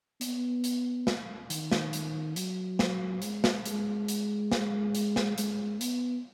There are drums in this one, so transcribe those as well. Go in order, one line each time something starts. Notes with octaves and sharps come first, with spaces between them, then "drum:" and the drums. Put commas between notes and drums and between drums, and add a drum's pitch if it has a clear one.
B3, drum: hi-hat
drum: hi-hat
drum: snare
D#3, drum: hi-hat
drum: snare
drum: hi-hat
F#3, drum: hi-hat
drum: snare
G#3, drum: hi-hat
drum: snare
G#3, drum: hi-hat
drum: hi-hat
drum: snare
drum: hi-hat
drum: snare
G#3, drum: hi-hat
B3, drum: hi-hat